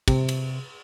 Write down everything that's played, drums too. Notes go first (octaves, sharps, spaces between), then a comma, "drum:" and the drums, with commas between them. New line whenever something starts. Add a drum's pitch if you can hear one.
C3, drum: kick, cymbal
drum: cymbal